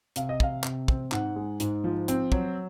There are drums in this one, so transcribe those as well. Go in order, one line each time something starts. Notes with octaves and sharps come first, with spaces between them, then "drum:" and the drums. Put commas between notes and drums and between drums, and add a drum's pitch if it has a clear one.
C3 F5, drum: hi-hat
D#5
C3 F5, drum: kick
C3, drum: clap
C4, drum: kick
G#2 F#5, drum: clap
G#3
G#2, drum: hi-hat
F3
C4, drum: hi-hat
F#3, drum: kick